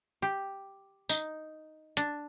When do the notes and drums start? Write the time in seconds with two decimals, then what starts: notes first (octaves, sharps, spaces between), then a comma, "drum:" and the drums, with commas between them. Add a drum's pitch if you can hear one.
0.22 G4
1.09 D#4, drum: tambourine
1.97 D4, drum: hi-hat